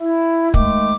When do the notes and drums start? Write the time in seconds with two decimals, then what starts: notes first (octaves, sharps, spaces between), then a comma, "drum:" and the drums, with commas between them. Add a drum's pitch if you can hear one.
0.01 E4
0.54 D#3 G#3 A3 D6, drum: kick